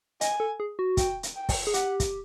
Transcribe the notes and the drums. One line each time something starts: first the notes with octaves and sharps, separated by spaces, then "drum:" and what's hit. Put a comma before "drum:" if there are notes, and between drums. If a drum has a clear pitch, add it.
D#5 G#5, drum: hi-hat
A4
G#4
F#4
G5, drum: kick, hi-hat
drum: hi-hat
G5
drum: kick, open hi-hat
G#4
G4 F#5, drum: hi-hat
drum: kick, hi-hat